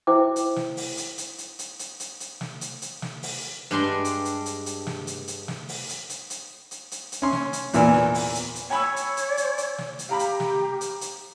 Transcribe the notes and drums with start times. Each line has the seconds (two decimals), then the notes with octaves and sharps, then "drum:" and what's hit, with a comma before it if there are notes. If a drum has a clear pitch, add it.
0.07 E4 C5 E5 G5 D6
0.36 drum: hi-hat
0.56 drum: snare
0.77 drum: open hi-hat
0.97 drum: hi-hat
1.18 drum: hi-hat
1.38 drum: hi-hat
1.59 drum: hi-hat
1.79 drum: hi-hat
2.00 drum: hi-hat
2.20 drum: hi-hat
2.41 drum: snare
2.61 drum: hi-hat
2.82 drum: hi-hat
3.02 drum: snare
3.23 drum: open hi-hat
3.71 G2 G#3 D4 G5 C6
4.05 drum: hi-hat
4.25 drum: hi-hat
4.46 drum: hi-hat
4.66 drum: hi-hat
4.87 drum: snare
5.07 drum: hi-hat
5.28 drum: hi-hat
5.48 drum: snare
5.69 drum: open hi-hat
5.89 drum: hi-hat
6.10 drum: hi-hat
6.30 drum: hi-hat
6.71 drum: hi-hat
6.91 drum: hi-hat
7.12 drum: hi-hat
7.22 C#4 C6
7.32 drum: snare
7.53 drum: hi-hat
7.73 E2 A#2 E3, drum: hi-hat
7.94 drum: snare
8.14 drum: open hi-hat
8.35 drum: hi-hat
8.55 drum: hi-hat
8.70 C#5 G#5 B5 E6
8.96 drum: hi-hat
9.17 drum: hi-hat
9.37 drum: hi-hat
9.58 drum: hi-hat
9.78 drum: snare
9.99 drum: hi-hat
10.09 G4 F5 A#5 B5
10.19 drum: hi-hat
10.40 drum: snare
10.81 drum: hi-hat
11.01 drum: hi-hat